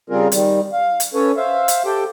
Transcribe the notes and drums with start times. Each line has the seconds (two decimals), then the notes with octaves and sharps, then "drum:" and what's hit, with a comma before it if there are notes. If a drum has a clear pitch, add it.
0.10 C#3 G3 C4 F4 G#4 A#4
0.32 D#3 G3, drum: hi-hat
0.73 F5
1.00 drum: hi-hat
1.14 C#4 A4 B4 C#5
1.37 C5 E5 F5
1.68 drum: hi-hat
1.85 G4 A4 G5